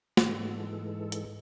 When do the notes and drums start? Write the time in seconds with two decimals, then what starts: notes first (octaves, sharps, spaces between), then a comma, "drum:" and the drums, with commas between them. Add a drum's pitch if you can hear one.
0.17 G#2 E3 G#3 A4, drum: snare
1.12 drum: hi-hat